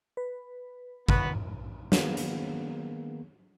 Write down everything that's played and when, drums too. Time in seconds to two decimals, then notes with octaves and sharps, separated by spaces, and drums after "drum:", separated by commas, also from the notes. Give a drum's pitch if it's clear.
0.17 B4
1.09 D3 B3 F#4 B4, drum: kick G1
1.92 D#3 A#3 B3 G#4, drum: snare
2.17 drum: hi-hat